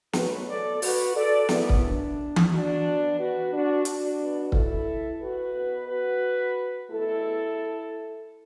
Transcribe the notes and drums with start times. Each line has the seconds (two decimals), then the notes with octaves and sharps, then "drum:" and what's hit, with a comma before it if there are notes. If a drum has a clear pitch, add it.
0.13 B2 F#3 A3 F#4 B4, drum: snare
0.47 A4 D5
0.82 F#4 B4, drum: open hi-hat
1.15 A4 D5
1.49 F#2 E3 A3 B3 E4, drum: snare
1.69 drum: kick C#1
1.83 D4
2.36 drum: tom E3
2.50 D4 F#4
2.85 B2 B3
3.17 F#4 B4
3.51 D4 F#4
3.85 D4 F#4, drum: hi-hat
4.19 B2 B3
4.52 E4 A4, drum: kick C#1
5.20 F#4 B4
5.54 B2 B3
5.87 F#4 B4
6.89 E2 B2 A3 E4 A4